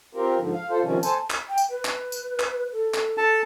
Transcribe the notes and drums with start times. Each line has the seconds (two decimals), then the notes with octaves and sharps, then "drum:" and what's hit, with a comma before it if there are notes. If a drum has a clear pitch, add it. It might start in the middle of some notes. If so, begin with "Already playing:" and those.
0.15 C4 F4 G4 A#4
0.38 G#2 D3 F3
0.54 F5
0.70 F4 A4 C5
0.82 C3 D#3 F3 G3 C#4
1.03 A4 C5 G#5 A5, drum: tambourine
1.30 drum: clap
1.48 G5
1.58 drum: tambourine
1.70 B4
1.85 drum: clap
2.12 drum: tambourine
2.40 drum: clap
2.72 A4
2.94 drum: clap
3.17 A4 A5